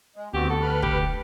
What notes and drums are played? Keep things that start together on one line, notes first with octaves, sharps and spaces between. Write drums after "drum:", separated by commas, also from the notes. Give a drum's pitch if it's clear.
G#3
D2 B3 C4 F#4 G4
A4
B4 B5 F6
G4, drum: kick